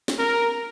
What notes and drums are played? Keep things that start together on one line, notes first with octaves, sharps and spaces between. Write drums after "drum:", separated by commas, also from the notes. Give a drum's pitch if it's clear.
drum: snare
A#4